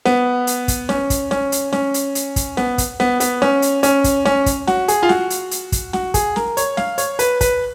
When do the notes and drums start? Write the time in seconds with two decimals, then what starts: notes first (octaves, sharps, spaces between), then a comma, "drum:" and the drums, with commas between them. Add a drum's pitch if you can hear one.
0.05 B3, drum: snare
0.47 drum: hi-hat
0.68 drum: kick, hi-hat
0.89 C#4, drum: snare
1.10 drum: kick, hi-hat
1.31 C#4, drum: snare
1.52 drum: hi-hat
1.73 C#4, drum: snare
1.94 drum: hi-hat
2.15 drum: hi-hat
2.36 drum: kick, hi-hat
2.57 B3, drum: snare
2.78 drum: kick, hi-hat
3.00 B3, drum: snare
3.20 B3, drum: hi-hat
3.42 C#4, drum: snare
3.62 drum: hi-hat
3.83 C#4, drum: hi-hat
4.04 drum: kick, hi-hat
4.25 C#4, drum: snare
4.46 drum: kick, hi-hat
4.67 F#4, drum: snare
4.88 G#4, drum: hi-hat
5.03 F4
5.09 F#4, drum: snare
5.30 drum: hi-hat
5.51 drum: hi-hat
5.72 drum: kick, hi-hat
5.93 F#4, drum: snare
6.14 G#4, drum: kick, hi-hat
6.36 A#4, drum: snare
6.57 C#5, drum: hi-hat
6.77 F5, drum: snare
6.98 C#5, drum: hi-hat
7.19 B4, drum: hi-hat
7.41 B4, drum: kick, hi-hat